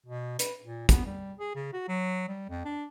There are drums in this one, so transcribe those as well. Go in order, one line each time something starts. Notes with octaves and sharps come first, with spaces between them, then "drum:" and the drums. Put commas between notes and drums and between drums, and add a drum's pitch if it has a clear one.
B2
B4, drum: hi-hat
A#2
B3, drum: kick, hi-hat
G3
G#4
C#3
F#4
F#3
G3
F2
D4